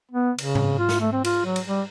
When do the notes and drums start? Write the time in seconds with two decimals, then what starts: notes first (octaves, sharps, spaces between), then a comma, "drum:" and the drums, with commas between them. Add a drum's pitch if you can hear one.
0.12 B3
0.38 C#3, drum: cymbal
0.55 drum: tom G#2
0.79 F4
0.89 drum: snare
1.00 A3
1.13 C4
1.25 F4, drum: cymbal
1.45 F#3
1.56 drum: cymbal
1.67 G3